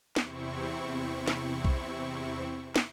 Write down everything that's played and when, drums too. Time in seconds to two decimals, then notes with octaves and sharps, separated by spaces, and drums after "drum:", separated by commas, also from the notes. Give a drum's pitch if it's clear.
0.16 E2 C3 C4 E4 C#6, drum: snare
1.28 drum: snare
1.65 drum: kick B1
2.76 drum: snare